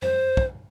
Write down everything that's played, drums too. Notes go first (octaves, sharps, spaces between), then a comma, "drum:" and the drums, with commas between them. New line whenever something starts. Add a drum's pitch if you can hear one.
C5, drum: tom F2
drum: kick